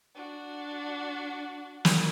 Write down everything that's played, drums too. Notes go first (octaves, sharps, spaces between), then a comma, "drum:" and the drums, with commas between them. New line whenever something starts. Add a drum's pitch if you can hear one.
D4 F#4
drum: snare